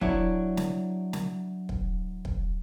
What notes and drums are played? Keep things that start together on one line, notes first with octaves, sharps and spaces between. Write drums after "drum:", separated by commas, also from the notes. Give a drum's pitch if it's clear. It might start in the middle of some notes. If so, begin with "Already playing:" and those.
F#3 D4 E4 C#5, drum: kick
drum: snare
drum: snare
drum: kick
drum: kick